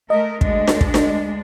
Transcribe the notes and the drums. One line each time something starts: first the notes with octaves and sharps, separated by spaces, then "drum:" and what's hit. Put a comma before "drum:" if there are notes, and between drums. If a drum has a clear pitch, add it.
A3 A#4 D#5
D2 G#3 D4, drum: kick
drum: snare D4
drum: kick
drum: snare D4